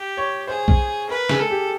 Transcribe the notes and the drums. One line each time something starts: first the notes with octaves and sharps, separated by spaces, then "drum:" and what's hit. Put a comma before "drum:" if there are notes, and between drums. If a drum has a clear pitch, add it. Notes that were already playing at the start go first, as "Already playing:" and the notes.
Already playing: G4
C#5
G#4 C5
drum: kick B1
A#4 B4
G#4, drum: snare
A4
G4